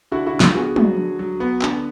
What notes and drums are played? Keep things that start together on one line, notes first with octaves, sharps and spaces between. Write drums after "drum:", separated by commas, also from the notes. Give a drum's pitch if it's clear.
D3 E4 F#4
E4 F#4
D3
F4 G4, drum: snare
B3 F#4 G#4
F#3, drum: tom
D3
F#3
B3
D3, drum: clap